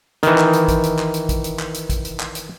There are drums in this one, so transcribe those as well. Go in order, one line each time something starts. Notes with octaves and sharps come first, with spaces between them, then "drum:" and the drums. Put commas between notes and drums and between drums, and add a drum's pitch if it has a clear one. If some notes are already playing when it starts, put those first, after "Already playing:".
D#3 E3, drum: hi-hat
drum: clap
drum: hi-hat
drum: kick, hi-hat
drum: hi-hat
drum: clap
drum: hi-hat
drum: kick, hi-hat
drum: hi-hat
drum: clap
drum: hi-hat
drum: kick, hi-hat
drum: hi-hat
drum: clap
drum: hi-hat